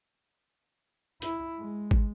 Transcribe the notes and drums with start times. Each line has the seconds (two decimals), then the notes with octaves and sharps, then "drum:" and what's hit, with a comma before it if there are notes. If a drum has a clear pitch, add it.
1.22 E4, drum: hi-hat
1.58 G#3
1.91 drum: kick